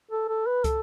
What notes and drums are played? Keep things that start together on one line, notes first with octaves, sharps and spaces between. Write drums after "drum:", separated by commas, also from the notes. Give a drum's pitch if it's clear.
A4
A4
B4
A4, drum: kick, hi-hat